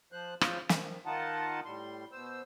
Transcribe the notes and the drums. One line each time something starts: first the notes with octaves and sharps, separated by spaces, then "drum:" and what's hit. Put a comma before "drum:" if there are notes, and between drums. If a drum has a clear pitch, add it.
F3 C5 F#6
C#3 F3 F4 C5, drum: rim click
D#3 F3, drum: snare
D#3 D#4 F4 D#5 F#5 A5
A2 G3 C6
B2 C5 E6